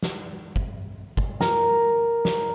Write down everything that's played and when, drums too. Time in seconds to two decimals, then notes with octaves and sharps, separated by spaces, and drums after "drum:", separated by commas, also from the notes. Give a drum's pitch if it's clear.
0.03 drum: snare
0.56 drum: kick
1.17 drum: kick
1.41 A#4, drum: snare
2.25 drum: snare